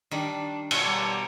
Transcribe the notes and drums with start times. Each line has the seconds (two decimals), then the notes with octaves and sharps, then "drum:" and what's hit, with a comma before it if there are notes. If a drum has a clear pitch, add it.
0.11 D#3 G3 D4
0.71 B2 C#5, drum: cymbal
0.85 G3 A5 A#5 D6